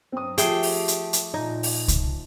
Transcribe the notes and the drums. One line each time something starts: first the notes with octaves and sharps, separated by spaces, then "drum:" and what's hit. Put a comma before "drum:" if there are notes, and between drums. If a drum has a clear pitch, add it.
G2 F#3 C4 D#6
F3 A3 G4 G#4 G5 D#6 C7, drum: hi-hat
drum: open hi-hat
drum: hi-hat
drum: hi-hat
A#2 D#4
drum: open hi-hat
drum: kick C2, hi-hat